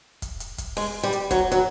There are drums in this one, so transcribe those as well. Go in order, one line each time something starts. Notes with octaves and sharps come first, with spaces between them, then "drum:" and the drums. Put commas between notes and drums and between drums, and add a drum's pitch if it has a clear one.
drum: kick, hi-hat
drum: hi-hat
drum: kick, hi-hat
G#3, drum: open hi-hat
G3
drum: hi-hat
F#3, drum: kick, hi-hat
F#3, drum: hi-hat